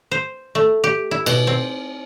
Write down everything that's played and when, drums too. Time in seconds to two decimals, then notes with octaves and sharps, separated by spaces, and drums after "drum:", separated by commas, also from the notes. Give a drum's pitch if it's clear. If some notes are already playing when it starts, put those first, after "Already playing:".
0.11 C5
0.55 A3
0.84 G4
1.11 E4
1.26 B2, drum: cymbal
1.47 C4